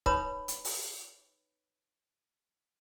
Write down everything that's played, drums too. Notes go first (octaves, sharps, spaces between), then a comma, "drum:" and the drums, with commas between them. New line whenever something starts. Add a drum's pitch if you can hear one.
D#4 B4 C#5 A#5 B5 D#6, drum: kick C#1
drum: hi-hat
drum: open hi-hat